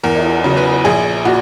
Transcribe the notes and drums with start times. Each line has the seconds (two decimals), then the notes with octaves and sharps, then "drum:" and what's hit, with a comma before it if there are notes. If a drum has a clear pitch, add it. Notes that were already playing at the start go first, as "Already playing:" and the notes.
0.03 E2 A#4
0.15 drum: cymbal
0.44 C#3 F#3
0.57 B4
0.84 A#1 G#4
1.25 A#2 F#4